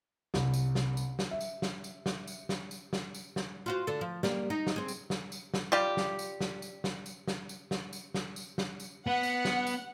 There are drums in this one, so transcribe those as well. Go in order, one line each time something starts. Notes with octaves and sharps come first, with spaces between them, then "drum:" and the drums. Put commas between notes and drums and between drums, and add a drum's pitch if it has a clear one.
C2, drum: snare
drum: tambourine
drum: snare
drum: tambourine
drum: snare
E5
drum: tambourine
drum: snare
drum: tambourine
drum: snare
drum: tambourine
drum: snare
drum: tambourine
drum: snare
drum: tambourine
drum: snare
F4 F#4 C5
D3 A4
F3
G3 A#3, drum: snare
D#4
drum: snare
C4 G#4
drum: tambourine
drum: snare
drum: tambourine
drum: snare
G3 F4 G4
drum: snare
drum: tambourine
drum: snare
drum: tambourine
drum: snare
drum: tambourine
drum: snare
drum: tambourine
drum: snare
drum: tambourine
drum: snare
drum: tambourine
drum: snare
drum: tambourine
B3 F#5
drum: tambourine
drum: snare
drum: tambourine